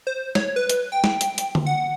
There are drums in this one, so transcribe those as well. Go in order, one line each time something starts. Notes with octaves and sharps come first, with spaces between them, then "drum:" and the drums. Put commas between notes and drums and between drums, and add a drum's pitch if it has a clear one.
C5
C#5, drum: snare
B4
drum: hi-hat
G5
drum: snare
drum: hi-hat
drum: hi-hat
drum: tom D3
F#5